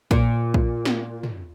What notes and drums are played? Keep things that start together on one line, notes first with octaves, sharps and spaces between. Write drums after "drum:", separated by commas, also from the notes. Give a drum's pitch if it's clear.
A#2, drum: kick
drum: kick
drum: snare
drum: tom